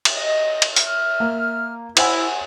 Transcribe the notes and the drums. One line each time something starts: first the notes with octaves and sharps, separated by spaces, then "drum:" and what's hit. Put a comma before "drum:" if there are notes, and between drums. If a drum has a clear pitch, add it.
drum: cymbal
D#5
drum: cymbal
E5 F6, drum: hi-hat
A#3
E4 C5 F#5 G#5, drum: cymbal